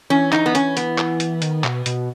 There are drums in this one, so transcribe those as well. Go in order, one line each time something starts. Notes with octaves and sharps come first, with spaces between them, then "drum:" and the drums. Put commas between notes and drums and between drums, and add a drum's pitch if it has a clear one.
E3 C#4
D#4, drum: clap
B3
C#4, drum: hi-hat
B3, drum: hi-hat
drum: clap
drum: hi-hat
D#3, drum: hi-hat
B2, drum: clap
B2, drum: hi-hat